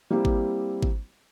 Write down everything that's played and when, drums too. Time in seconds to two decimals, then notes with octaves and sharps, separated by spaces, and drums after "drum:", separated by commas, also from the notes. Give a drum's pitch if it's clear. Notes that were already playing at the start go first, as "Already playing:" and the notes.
0.10 G3 A#3 C4 E4 G4
0.25 drum: kick G#1
0.83 drum: kick G#1